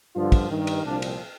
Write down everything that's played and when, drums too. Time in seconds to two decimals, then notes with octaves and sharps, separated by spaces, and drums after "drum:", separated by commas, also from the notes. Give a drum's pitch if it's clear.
0.14 G2 D3 F3 F4
0.32 drum: kick, cymbal
0.49 G2 D#3
0.67 drum: cymbal
0.85 C2 A#2 F3 D4
1.02 drum: cymbal